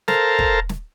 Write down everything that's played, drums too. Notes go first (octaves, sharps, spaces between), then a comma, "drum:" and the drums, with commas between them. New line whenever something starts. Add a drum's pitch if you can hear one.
A4 A#4 C5 F5 A5 A#5, drum: snare
drum: kick
drum: snare